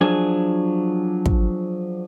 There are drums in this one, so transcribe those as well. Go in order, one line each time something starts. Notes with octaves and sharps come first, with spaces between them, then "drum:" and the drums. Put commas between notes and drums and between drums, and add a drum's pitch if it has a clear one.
F3 F#3 D4 G#4 G#5
drum: kick